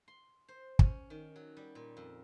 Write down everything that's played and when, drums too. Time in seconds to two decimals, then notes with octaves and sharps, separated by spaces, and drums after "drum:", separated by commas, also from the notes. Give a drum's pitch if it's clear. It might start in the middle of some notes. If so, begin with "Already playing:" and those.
0.08 C6
0.48 C5
0.79 C#4, drum: kick
1.10 D#3
1.36 F#3
1.57 G3
1.75 A#2
1.97 F2